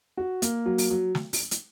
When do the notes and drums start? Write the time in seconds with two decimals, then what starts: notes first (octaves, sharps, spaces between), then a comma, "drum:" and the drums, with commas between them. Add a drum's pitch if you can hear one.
0.17 F#4
0.42 A#3, drum: hi-hat
0.66 F#3
0.78 drum: open hi-hat
0.90 F#3
1.15 drum: snare
1.33 drum: open hi-hat
1.51 drum: hi-hat